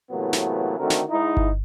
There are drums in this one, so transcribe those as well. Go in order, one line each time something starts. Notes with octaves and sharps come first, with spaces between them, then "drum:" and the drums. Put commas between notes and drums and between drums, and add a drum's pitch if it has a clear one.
A2 C3 E3 F#3 A#3 B3
drum: snare
D3 D#3 A3 C4 F#4 A#4
drum: snare
G#2 D#4 E4
drum: kick G1